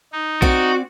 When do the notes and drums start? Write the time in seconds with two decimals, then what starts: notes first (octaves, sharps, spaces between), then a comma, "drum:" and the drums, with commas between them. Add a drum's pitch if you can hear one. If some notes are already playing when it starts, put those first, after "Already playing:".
0.12 D#4
0.42 C4 F#4 D5, drum: kick A#1